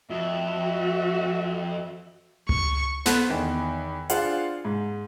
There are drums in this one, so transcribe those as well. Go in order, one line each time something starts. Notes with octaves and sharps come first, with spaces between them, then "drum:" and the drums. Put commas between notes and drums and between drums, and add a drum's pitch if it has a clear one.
F2 F#4 E5
C#6, drum: tom C#2
B3 A4 B4 C5, drum: snare
E2 D#3
D4 F4 G#4 C5 F5 F#5, drum: hi-hat
G#2